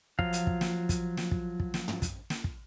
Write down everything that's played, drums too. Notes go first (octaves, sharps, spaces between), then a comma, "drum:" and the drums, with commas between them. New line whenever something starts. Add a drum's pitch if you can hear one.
F3 F#3 F4 F5, drum: kick
drum: hi-hat
drum: kick
drum: snare
drum: kick, hi-hat
drum: snare
drum: kick
drum: kick
drum: snare
drum: tom
drum: kick, hi-hat
drum: snare
drum: kick